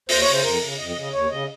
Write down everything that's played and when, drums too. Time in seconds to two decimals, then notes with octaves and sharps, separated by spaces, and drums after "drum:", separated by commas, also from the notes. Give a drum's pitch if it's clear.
0.09 D#2 C5, drum: open hi-hat
0.20 C#5
0.27 C#3
0.33 C5
0.43 F2 A#4
0.61 C#3
0.78 F2 D#5
0.89 D#5
0.95 C#3
1.01 D#5
1.12 D#2 C#5
1.30 C#3 D#5